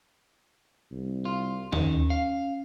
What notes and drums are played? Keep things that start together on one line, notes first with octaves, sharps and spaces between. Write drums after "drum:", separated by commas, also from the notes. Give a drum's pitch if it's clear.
C2
F4
D#3 C#4, drum: tom D#2
F5